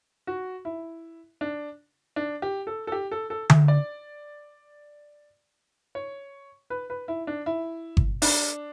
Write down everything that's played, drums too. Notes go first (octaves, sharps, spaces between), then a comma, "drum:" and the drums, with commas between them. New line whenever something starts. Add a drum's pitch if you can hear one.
F#4
E4
D4
D4
G4
A4
A4
G4
A4
A4
E5, drum: tom D3
D5
C#5
B4
B4
E4
D4
E4
drum: kick G1
D4, drum: open hi-hat